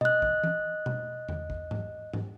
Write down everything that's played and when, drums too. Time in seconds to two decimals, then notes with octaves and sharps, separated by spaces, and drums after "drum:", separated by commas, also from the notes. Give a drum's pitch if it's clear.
0.01 D#5 F#6, drum: tom B2
0.22 drum: kick
0.44 drum: tom E3
0.86 drum: tom B2
1.29 drum: tom E2
1.50 drum: kick
1.71 drum: tom G#2
2.14 drum: tom G#2